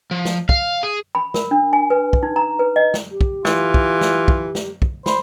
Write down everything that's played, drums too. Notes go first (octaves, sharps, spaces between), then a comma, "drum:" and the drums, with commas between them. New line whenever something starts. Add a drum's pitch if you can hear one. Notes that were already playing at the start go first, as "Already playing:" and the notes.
F3
drum: snare
F5, drum: kick
G#4
B5
A#4, drum: snare
D4
G#5
B4
drum: kick
D#4
A#5
B4
D#5
drum: snare
G4
drum: kick
E3 F4, drum: snare
drum: kick
drum: snare
drum: kick
drum: snare
drum: kick
C5 B5, drum: snare